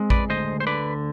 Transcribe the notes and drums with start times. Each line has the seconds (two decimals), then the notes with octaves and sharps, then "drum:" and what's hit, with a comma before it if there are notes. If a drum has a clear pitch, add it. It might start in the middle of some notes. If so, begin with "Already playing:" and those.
Already playing: G#3 C4
0.10 B4 D5, drum: kick A1
0.29 D2 C5 D#5
0.60 C5
0.67 D3 B4 D5